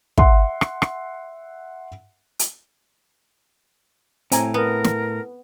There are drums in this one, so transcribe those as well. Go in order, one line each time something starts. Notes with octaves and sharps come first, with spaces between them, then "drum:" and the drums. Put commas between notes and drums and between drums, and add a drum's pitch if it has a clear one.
E5 F#5 C6, drum: kick
drum: rim click
drum: rim click
drum: hi-hat
A2 C4 G#5 A#5, drum: hi-hat
B3 A#4
drum: snare